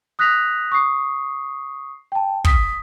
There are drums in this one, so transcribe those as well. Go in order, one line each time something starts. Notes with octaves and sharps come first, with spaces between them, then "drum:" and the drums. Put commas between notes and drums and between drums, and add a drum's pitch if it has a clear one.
D#6 F#6 A#6 B6 F7
C#6 D#6 C7
G5 A5
D#6 B6, drum: kick